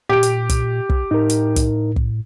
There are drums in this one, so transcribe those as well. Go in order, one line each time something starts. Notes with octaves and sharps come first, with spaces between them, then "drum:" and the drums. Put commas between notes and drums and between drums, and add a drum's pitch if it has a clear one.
A#2 G4 D7
drum: hi-hat
drum: kick, hi-hat
drum: kick
A2 D#4 A#4
drum: hi-hat
drum: kick, hi-hat
drum: kick